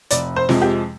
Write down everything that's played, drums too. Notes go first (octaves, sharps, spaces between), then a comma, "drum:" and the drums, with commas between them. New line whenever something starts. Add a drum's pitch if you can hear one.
F1 D5, drum: hi-hat
C5
F2 C3 F3 G#3, drum: snare
G4